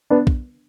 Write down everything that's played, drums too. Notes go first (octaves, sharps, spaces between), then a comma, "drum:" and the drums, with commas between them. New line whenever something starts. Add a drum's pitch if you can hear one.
B3 D4
drum: kick